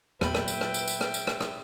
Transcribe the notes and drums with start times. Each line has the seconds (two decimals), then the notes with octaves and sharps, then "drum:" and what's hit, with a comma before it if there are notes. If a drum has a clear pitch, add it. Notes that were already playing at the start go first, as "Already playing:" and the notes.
0.21 E2 A#2 F#3 B4 E5 G5 B5, drum: rim click
0.35 drum: rim click
0.48 drum: tambourine
0.61 drum: rim click
0.74 drum: tambourine
0.88 drum: tambourine
1.01 drum: rim click
1.14 drum: tambourine
1.27 drum: rim click
1.41 drum: rim click